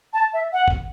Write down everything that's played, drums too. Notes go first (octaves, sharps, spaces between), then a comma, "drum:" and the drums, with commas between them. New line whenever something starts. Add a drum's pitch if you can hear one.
A5
E5
F#5
drum: kick G1